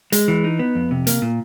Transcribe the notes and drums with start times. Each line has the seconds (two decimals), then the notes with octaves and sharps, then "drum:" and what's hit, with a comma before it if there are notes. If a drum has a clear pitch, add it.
0.12 G#3, drum: hi-hat
0.28 E3
0.44 D#4
0.59 B3
0.75 F2
0.91 C3
1.07 A#3, drum: hi-hat
1.22 A#2